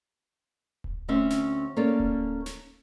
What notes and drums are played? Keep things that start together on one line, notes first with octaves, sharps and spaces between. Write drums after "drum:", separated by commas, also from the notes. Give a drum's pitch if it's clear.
drum: kick D1
D2 C4 C#4 E5
drum: snare
A#3 C#4 A4 C#5 D5
drum: kick D1
drum: snare